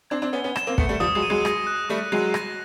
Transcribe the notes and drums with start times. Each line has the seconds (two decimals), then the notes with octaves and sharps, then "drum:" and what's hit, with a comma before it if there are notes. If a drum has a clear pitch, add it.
0.10 C4 D4 G#6
0.22 C4 D4
0.33 B3 C#4 G7
0.44 B3 C#4
0.56 E7, drum: rim click
0.67 A#3 C4
0.78 A3 B3 C#7, drum: kick
0.89 G3 A3
1.00 F3 G3 D#6
1.15 F#3 G#3
1.22 D#7
1.30 F#3 G#3
1.45 A#6, drum: rim click
1.67 F#6
1.89 G3 A3 D#6
2.12 F#3 G#3 D#7
2.34 A#6, drum: rim click